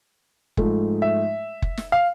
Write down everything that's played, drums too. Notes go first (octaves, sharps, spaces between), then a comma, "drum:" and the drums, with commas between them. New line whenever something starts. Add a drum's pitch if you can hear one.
G#2 F3 A3, drum: kick
E5
drum: kick
drum: snare
F5